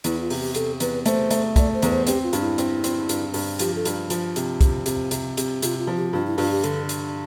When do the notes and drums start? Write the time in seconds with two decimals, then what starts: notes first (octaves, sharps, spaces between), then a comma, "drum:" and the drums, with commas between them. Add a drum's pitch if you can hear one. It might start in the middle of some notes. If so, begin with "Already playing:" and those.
0.04 E2 E4, drum: hi-hat
0.21 F4
0.30 C3, drum: open hi-hat
0.38 G4
0.54 C3 A4, drum: hi-hat
0.80 E2 B4, drum: hi-hat
1.06 A3 C5, drum: hi-hat
1.31 A3, drum: hi-hat
1.56 A3 D5, drum: kick, hi-hat
1.74 C5
1.82 E2, drum: hi-hat
1.91 C5
2.07 C4 G4, drum: hi-hat
2.24 F4
2.33 G2, drum: hi-hat
2.41 E4
2.58 C4, drum: hi-hat
2.84 C4, drum: hi-hat
3.09 G2, drum: hi-hat
3.34 G2, drum: open hi-hat
3.59 F3 G4, drum: hi-hat
3.76 A4
3.85 G2, drum: hi-hat
4.10 F3, drum: hi-hat
4.36 C3, drum: hi-hat
4.61 C3, drum: kick, hi-hat
4.86 C3, drum: hi-hat
5.11 C3, drum: hi-hat
5.37 C3, drum: hi-hat
5.62 C3 F4, drum: hi-hat
5.79 F4
5.87 F3
5.97 G4
6.13 G2 F4
6.26 E4
6.38 G2 F4, drum: open hi-hat
6.51 G4
6.64 D3 A4, drum: hi-hat
6.89 drum: hi-hat